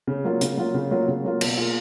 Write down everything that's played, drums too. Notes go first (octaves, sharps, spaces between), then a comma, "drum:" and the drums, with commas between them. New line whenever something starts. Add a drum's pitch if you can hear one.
C#3
F#3 A#3 F4
C#3, drum: hi-hat
F#3 A#3 F4
C#3
F#3 A#3 F4
C#3
F#3 A#3 F4
B2, drum: cymbal
A#3 F4 G#4